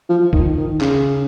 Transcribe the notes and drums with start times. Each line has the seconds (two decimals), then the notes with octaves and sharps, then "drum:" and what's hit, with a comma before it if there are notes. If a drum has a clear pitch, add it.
0.09 F3
0.33 D#3, drum: kick
0.57 D#3
0.81 C#3, drum: clap